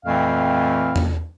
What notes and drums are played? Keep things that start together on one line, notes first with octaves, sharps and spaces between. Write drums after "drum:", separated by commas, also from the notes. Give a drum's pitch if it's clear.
F2 A#2 E3 A3 C4 F5
drum: tom E2